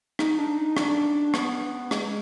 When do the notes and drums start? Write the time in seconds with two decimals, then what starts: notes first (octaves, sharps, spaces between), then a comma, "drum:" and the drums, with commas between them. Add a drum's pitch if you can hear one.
0.19 D#4, drum: rim click
0.38 D4
0.57 D#4
0.77 D4, drum: rim click
1.34 B3, drum: rim click
1.91 G#3, drum: rim click